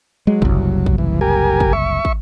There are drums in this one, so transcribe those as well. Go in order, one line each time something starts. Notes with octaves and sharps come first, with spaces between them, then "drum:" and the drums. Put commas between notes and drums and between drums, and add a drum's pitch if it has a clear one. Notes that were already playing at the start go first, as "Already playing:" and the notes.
F#3 G#3
F#1 C2, drum: kick
drum: kick
E3
G4 A#4 G#5
drum: kick
E5 C#6
drum: kick